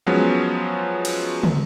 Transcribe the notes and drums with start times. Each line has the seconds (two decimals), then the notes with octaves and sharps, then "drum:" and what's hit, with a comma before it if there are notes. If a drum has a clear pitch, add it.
0.06 F3 F#3 G#3 B3 C#4
1.05 drum: cymbal
1.44 drum: tom